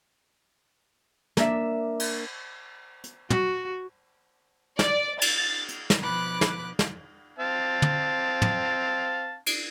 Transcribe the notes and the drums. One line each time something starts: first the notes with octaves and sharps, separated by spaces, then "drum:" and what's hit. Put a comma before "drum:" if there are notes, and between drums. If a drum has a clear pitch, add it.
A#3 D4 E5, drum: snare
drum: cymbal
drum: hi-hat
F#4, drum: tom
D5, drum: snare
A6, drum: cymbal
drum: hi-hat
drum: snare
B2 F3 B4 B5 D6 F#6
drum: snare
drum: snare
C4 F5 A5
drum: tom
drum: tom
drum: cymbal